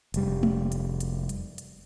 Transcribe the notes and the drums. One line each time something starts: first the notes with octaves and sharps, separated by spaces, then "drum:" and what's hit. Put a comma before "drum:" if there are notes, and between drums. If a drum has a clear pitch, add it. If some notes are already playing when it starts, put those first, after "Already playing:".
F1 G3, drum: hi-hat
drum: tom G#3
drum: hi-hat
drum: hi-hat
drum: hi-hat
drum: hi-hat